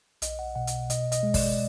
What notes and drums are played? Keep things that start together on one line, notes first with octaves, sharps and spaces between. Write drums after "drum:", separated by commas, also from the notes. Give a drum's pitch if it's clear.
B1 D#5, drum: hi-hat
F#5
B2 F#5
drum: hi-hat
B2 D#5, drum: hi-hat
D#5, drum: hi-hat
G#3
D5, drum: kick, open hi-hat